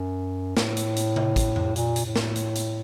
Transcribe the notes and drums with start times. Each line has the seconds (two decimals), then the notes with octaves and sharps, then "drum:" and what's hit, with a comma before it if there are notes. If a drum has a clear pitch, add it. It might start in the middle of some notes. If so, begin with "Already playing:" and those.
Already playing: F#2
0.57 A2, drum: snare
0.77 drum: hi-hat
0.96 drum: hi-hat
1.16 drum: tom C3
1.36 drum: kick A1, hi-hat
1.56 drum: tom F2
1.76 A#2, drum: hi-hat
1.96 drum: hi-hat
2.06 A2
2.16 drum: snare
2.35 drum: hi-hat
2.55 drum: hi-hat